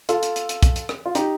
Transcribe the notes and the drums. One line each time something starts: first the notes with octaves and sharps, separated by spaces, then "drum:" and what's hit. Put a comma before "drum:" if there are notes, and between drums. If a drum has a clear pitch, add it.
F4 A4, drum: hi-hat
drum: hi-hat
drum: hi-hat
drum: hi-hat
drum: kick, hi-hat
drum: hi-hat
drum: rim click
F4
D#4 G4, drum: hi-hat